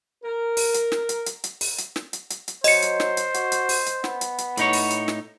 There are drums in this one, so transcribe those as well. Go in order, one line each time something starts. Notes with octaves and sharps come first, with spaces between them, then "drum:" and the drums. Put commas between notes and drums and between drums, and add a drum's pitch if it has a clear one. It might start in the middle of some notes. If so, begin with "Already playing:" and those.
A#4
drum: open hi-hat
drum: hi-hat
drum: snare
drum: hi-hat
drum: hi-hat
drum: hi-hat
drum: open hi-hat
drum: hi-hat
drum: snare
drum: hi-hat
drum: hi-hat
drum: hi-hat
F#3 C5 D#5 C#7, drum: open hi-hat
drum: hi-hat
drum: snare
drum: hi-hat
F#4, drum: hi-hat
drum: hi-hat
drum: open hi-hat
drum: hi-hat
B3, drum: snare
drum: hi-hat
drum: hi-hat
A2 D#4 C#5, drum: hi-hat
drum: open hi-hat
drum: hi-hat
drum: snare